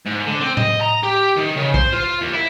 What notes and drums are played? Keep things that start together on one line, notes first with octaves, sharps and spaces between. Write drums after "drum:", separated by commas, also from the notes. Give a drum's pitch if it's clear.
G#2
D3
C4
D#5, drum: tom A2
A#5
G4
D#3
C#3
C5, drum: kick
F4
D#2
E4